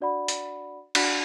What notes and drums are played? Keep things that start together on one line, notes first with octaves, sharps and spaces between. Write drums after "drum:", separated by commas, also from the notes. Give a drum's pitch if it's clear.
D4 F#4 D5 F#5 B5
drum: hi-hat
D4 F#4 D5 F#5 B5, drum: cymbal